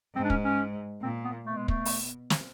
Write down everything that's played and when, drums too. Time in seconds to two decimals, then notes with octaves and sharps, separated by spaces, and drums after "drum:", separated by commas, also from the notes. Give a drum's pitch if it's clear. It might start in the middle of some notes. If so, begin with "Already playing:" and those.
0.15 G#2 C4
0.24 D4
0.30 C#4, drum: kick
0.44 C#4
1.02 A#2 C4
1.24 B3
1.46 B2 A3
1.57 G#3
1.68 A3, drum: kick
1.85 drum: open hi-hat
2.30 drum: snare